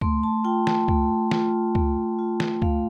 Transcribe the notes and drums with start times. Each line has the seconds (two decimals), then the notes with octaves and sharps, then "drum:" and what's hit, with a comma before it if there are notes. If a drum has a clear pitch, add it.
0.01 A3 C6, drum: kick C#2
0.23 A5
0.44 F4 G5
0.67 A5, drum: snare
0.88 A3, drum: kick C#2
1.31 F4, drum: snare
1.75 A3, drum: kick C#2
2.19 F4
2.40 drum: snare
2.62 A3 F5, drum: kick C#2